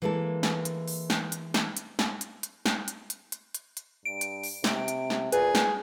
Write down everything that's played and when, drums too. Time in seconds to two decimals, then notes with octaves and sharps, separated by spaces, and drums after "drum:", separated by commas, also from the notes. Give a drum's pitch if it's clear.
0.02 E3 G#3 A#3 E4 A4
0.43 drum: snare
0.65 drum: hi-hat
0.88 drum: open hi-hat
1.10 drum: snare
1.32 drum: hi-hat
1.54 drum: snare
1.77 drum: hi-hat
1.99 drum: snare
2.21 drum: hi-hat
2.43 drum: hi-hat
2.66 drum: snare
2.88 drum: hi-hat
3.10 drum: hi-hat
3.32 drum: hi-hat
3.55 drum: hi-hat
3.77 drum: hi-hat
4.05 G2 D7
4.21 drum: hi-hat
4.43 drum: open hi-hat
4.64 C3, drum: snare
4.88 drum: hi-hat
5.10 drum: snare
5.32 A#2 G#4 B4, drum: hi-hat
5.55 drum: snare